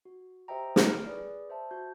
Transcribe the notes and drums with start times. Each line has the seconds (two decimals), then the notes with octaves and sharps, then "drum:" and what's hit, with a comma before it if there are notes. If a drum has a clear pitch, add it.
0.05 F#4
0.48 G4 C5 D#5 E5 G5 A#5
0.76 E4 A4 C#5 F6 D7, drum: snare
1.06 G#4 B4 D5
1.50 C5 E5 A5
1.71 F#4 G6